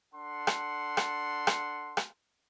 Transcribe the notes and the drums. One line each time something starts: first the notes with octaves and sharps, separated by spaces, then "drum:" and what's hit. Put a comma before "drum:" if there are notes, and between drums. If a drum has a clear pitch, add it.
D4 A4 F#5 C6
drum: rim click
drum: rim click
drum: rim click
drum: rim click